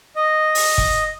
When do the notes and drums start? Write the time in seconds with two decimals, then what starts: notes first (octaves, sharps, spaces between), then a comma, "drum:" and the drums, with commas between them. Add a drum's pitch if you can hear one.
0.16 D#5
0.55 drum: open hi-hat
0.78 drum: kick